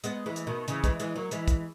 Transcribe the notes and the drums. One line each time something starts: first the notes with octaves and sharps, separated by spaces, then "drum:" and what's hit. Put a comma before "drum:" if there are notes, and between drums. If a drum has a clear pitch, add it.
G#3 B3, drum: hi-hat
E3 G#3
drum: hi-hat
B2 D#3
C#3 E3, drum: hi-hat
E3 G#3, drum: kick, hi-hat
E3 G#3, drum: hi-hat
F#3 A#3
E3 G#3, drum: hi-hat
drum: kick, hi-hat